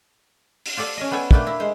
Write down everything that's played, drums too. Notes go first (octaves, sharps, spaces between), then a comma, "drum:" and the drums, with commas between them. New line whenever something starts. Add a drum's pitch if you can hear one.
drum: open hi-hat
F4 G4 A4 D5
C#4 D#5
G3 B3 A4 G5 G#5
A3 A#3 D4 E4 G4, drum: kick
E4
G#3 C5